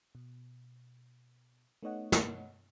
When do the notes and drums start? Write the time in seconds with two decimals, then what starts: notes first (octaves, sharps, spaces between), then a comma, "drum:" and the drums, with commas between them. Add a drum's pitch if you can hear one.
0.15 B2
1.83 A3 B3 D#4 C#5 D#5 F#5
2.12 drum: snare